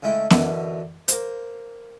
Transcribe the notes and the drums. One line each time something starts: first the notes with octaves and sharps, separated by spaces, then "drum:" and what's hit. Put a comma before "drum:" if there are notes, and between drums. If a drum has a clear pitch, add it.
C#3 G#3 A3 E4 G5
F#2 B2 D3 E3, drum: snare B3
A#3 C5, drum: hi-hat